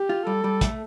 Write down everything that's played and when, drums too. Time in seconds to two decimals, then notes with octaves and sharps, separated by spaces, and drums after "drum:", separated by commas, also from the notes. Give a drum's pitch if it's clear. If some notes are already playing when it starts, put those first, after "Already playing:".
Already playing: G4
0.09 F4
0.26 G3 A4
0.44 G3
0.61 A3, drum: kick, hi-hat